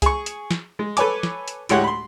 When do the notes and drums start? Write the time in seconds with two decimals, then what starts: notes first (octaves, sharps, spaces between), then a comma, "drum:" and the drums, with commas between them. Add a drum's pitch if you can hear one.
0.02 G#4 C#6, drum: kick C2, hi-hat
0.26 drum: hi-hat
0.51 drum: snare
0.79 G#3
0.97 A4 B4 C#5 G#5 D6, drum: hi-hat
1.23 drum: snare
1.48 drum: hi-hat
1.69 D2 A2 G#3 G4 C#5 F#5, drum: hi-hat
1.84 B5 C6